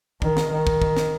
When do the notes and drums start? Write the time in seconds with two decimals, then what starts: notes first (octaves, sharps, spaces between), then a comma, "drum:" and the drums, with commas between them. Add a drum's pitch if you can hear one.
0.22 D#3, drum: kick
0.37 drum: snare
0.52 D#3
0.67 drum: kick
0.82 drum: kick
0.97 drum: snare